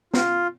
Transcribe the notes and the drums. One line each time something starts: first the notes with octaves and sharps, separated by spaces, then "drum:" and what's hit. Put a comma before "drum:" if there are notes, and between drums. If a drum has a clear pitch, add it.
F4, drum: snare